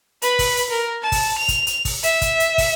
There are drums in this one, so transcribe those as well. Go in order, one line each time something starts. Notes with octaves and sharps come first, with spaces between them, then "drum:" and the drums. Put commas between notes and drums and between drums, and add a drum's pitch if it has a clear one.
B4 B5, drum: hi-hat
drum: kick, open hi-hat
drum: hi-hat
A#4
A5
drum: kick, open hi-hat
F7
drum: kick, hi-hat
drum: hi-hat
drum: kick, open hi-hat
E5, drum: hi-hat
drum: kick, hi-hat
drum: hi-hat
drum: kick, open hi-hat